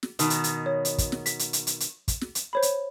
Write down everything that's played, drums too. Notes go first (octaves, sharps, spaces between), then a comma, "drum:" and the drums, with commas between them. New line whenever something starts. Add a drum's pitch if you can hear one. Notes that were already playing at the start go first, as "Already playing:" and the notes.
drum: snare
B2 D#3, drum: hi-hat
drum: hi-hat
drum: hi-hat
C#5
drum: hi-hat
drum: kick, hi-hat
drum: snare
B6, drum: hi-hat
drum: hi-hat
drum: hi-hat
drum: hi-hat
drum: hi-hat
drum: kick, hi-hat
drum: snare
drum: hi-hat
C5 C#5 B5
drum: hi-hat